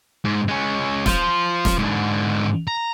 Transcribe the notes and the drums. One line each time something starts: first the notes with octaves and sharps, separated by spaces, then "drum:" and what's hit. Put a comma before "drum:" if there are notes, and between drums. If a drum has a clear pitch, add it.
G#2
G#3 C#4
F4 C5, drum: snare
drum: snare
G#2 D3
A#5